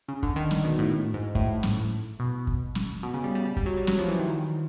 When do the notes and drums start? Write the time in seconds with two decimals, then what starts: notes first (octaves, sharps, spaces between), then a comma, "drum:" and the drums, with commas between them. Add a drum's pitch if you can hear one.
0.08 C#3
0.23 D3, drum: kick
0.36 D#3
0.51 drum: snare
0.64 B2
0.79 A2
1.14 G#2
1.35 A2, drum: kick
1.63 drum: snare
2.20 B2
2.47 drum: kick
2.75 drum: snare
3.03 B2
3.14 C#3
3.24 G3
3.35 G3
3.45 G3
3.57 G3, drum: kick
3.66 F#3
3.77 G3
3.87 F#3, drum: snare
3.99 F3
4.08 E3
4.19 D#3
4.30 D#3